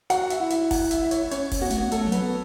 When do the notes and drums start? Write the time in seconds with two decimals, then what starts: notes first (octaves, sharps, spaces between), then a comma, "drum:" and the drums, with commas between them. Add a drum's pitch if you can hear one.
0.10 F#4 F#5, drum: hi-hat
0.30 E5, drum: hi-hat
0.40 E4
0.50 E5, drum: hi-hat
0.71 F#5, drum: kick F1, open hi-hat
0.91 E5, drum: hi-hat
1.05 E5
1.11 C#5, drum: hi-hat
1.31 C#4 C#5, drum: hi-hat
1.52 drum: kick F1, open hi-hat
1.61 B3 F#4
1.71 A3, drum: hi-hat
1.79 B3 F#4
1.92 A3 A4, drum: hi-hat
2.07 F#3
2.12 B4, drum: hi-hat
2.22 B3